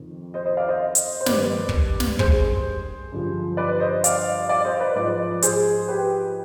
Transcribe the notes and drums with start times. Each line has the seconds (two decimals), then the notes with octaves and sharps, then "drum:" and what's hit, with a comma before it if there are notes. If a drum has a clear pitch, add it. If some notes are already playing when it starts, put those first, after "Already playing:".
Already playing: F2 D#3
0.34 C5 D#5
0.46 C5 D#5
0.57 D5 F5
0.68 C5 D#5
0.95 drum: hi-hat
1.21 C5
1.26 G2 D#3 B4 D5, drum: snare
1.69 drum: kick
2.00 drum: snare
2.19 G#4 C5, drum: kick
3.12 G2 D3 F3
3.57 B4 D5
3.80 C5 D#5
4.04 D5 F5, drum: hi-hat
4.49 D5 F5
4.65 C5 D#5
4.80 B4 D5
4.95 G#2 F3 B4 D5
5.42 G#4 C5, drum: hi-hat
5.88 G4 B4